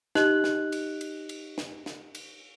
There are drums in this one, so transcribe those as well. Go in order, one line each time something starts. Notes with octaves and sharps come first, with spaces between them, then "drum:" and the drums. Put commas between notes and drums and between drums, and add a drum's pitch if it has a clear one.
D#4 G4 D#5 F#6 F#7, drum: snare
drum: snare
drum: cymbal
drum: cymbal
drum: cymbal
drum: snare
drum: snare
drum: cymbal